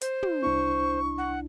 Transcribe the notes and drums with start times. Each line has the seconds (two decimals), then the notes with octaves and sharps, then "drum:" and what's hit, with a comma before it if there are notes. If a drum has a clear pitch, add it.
0.01 C5, drum: hi-hat
0.23 drum: tom
0.43 C2 D4 E4 C#6
1.18 F#5